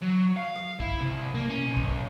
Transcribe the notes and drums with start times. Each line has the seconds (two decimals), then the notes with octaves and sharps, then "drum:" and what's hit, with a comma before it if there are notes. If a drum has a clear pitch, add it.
0.02 F#3
0.37 F5
0.56 drum: rim click
0.80 E4, drum: kick
1.00 C2
1.35 A#3
1.49 C#4
1.66 B1
1.77 drum: kick